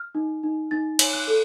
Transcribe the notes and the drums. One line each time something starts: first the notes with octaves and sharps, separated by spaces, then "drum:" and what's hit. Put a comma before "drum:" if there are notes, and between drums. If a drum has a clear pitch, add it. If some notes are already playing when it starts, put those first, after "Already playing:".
Already playing: F6
D#4
D#4
D#4 A6
C#5, drum: cymbal
F#6
A4